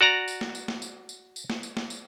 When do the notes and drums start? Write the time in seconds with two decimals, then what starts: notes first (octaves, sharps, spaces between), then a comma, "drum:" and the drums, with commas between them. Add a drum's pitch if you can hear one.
0.01 F#4 D5 A#5
0.28 drum: tambourine
0.41 drum: snare
0.55 drum: tambourine
0.68 drum: snare
0.82 drum: tambourine
1.09 drum: tambourine
1.36 drum: tambourine
1.50 drum: snare
1.63 drum: tambourine
1.77 drum: snare
1.90 drum: tambourine